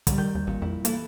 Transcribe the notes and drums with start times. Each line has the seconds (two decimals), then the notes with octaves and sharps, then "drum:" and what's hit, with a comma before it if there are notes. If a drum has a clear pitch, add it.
0.07 D3 D#3 G3, drum: kick, hi-hat
0.18 D#3 G6
0.35 D#2
0.47 A1 A#2
0.62 F2 E4
0.85 E3 A#3 E4 A4, drum: hi-hat